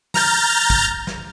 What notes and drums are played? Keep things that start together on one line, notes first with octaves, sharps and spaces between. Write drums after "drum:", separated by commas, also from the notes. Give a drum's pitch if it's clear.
A#5 F6 G6 A6, drum: snare
drum: kick
drum: snare